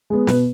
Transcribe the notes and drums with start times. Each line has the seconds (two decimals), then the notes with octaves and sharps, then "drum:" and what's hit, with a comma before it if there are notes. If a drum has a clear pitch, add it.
0.10 G#3 B3
0.27 B2 B4, drum: snare